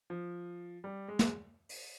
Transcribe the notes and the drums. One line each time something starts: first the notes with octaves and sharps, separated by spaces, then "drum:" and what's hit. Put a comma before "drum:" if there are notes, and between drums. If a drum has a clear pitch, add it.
F3
G3
G#3
drum: snare
drum: open hi-hat